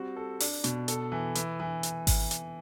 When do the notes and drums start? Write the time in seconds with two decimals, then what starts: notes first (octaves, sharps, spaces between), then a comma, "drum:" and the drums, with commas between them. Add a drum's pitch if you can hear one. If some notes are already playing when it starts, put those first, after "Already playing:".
Already playing: G3 C4 F#4
0.16 A4
0.40 D4, drum: open hi-hat
0.64 B2, drum: hi-hat
0.88 A4, drum: hi-hat
1.12 E3
1.35 E3, drum: hi-hat
1.60 E3
1.83 drum: hi-hat
2.07 drum: kick G#1, open hi-hat
2.31 drum: hi-hat